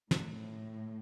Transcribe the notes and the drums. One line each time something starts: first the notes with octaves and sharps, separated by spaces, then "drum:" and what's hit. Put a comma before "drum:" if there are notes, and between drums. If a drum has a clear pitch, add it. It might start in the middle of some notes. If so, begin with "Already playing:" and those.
A2, drum: snare